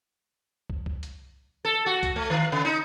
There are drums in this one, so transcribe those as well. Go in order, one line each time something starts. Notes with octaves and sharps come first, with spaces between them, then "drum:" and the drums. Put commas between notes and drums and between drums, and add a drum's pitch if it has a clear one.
drum: kick
drum: kick
drum: hi-hat
A4
F#4
drum: kick, hi-hat
A3
D#3
C#3
D#4